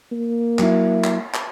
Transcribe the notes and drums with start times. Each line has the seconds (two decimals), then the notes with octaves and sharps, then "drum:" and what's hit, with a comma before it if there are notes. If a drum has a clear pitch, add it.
0.12 A#3
0.59 F#3 E4, drum: clap
1.04 drum: clap
1.34 drum: clap